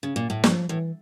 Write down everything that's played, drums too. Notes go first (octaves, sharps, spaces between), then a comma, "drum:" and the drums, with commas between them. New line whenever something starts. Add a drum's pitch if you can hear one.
C#3
A#2
A2
G2 F3, drum: snare
A2 E3